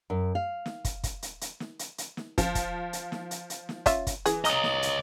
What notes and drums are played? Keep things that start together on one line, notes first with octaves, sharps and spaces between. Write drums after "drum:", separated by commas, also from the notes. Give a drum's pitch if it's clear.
F#2
F5
drum: snare
drum: kick, hi-hat
drum: kick, hi-hat
drum: hi-hat
drum: hi-hat
drum: snare
drum: hi-hat
drum: hi-hat
drum: snare
F3, drum: kick, hi-hat
drum: kick, hi-hat
drum: hi-hat
drum: snare
drum: hi-hat
drum: hi-hat
drum: snare
C#4 F4 E5, drum: kick, hi-hat
drum: kick, hi-hat
E3 G#4, drum: hi-hat
C#5 D#5 A#5 D#6, drum: hi-hat
drum: snare
drum: hi-hat